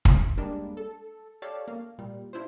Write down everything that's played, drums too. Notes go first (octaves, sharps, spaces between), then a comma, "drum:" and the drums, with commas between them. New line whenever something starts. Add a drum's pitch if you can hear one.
drum: kick
G3 G#3 A#3 D4
A4
G4 A4 C#5 D5 F5 A5
A#3
A#2 G3
D4 E4 F4 C5